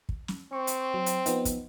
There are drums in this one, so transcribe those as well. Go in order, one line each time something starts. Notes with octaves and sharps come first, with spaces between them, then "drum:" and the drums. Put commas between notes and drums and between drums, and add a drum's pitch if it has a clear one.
drum: kick
drum: snare
C4 C#6
drum: hi-hat
F#3
drum: hi-hat
F3 B3 D#4, drum: hi-hat
drum: kick, hi-hat